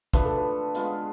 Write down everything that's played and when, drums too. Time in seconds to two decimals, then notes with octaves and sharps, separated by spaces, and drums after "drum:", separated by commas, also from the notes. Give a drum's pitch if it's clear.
0.13 F3 A3 D4 B4, drum: kick, hi-hat
0.25 A4
0.37 B4
0.74 G#3 B3 F4 G#4, drum: hi-hat